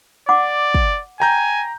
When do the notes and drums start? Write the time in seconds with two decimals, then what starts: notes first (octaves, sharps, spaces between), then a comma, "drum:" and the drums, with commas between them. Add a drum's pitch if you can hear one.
0.29 D5 F#5 D6
0.75 drum: kick
1.20 G5 G#5 A#5 G6